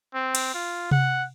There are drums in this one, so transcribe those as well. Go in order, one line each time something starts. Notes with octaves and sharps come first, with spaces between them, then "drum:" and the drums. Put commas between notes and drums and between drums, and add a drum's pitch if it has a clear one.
C4
drum: cymbal
F4
F#5, drum: tom C3